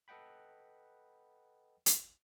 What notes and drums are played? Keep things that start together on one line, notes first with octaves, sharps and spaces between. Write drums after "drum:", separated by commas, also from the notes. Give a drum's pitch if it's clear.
A4 B4 D#5 F#5 G5 B5
drum: hi-hat